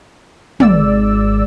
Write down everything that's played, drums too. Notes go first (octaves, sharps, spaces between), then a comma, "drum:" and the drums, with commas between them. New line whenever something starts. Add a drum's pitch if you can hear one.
G#1 G#3 D5 E6, drum: tom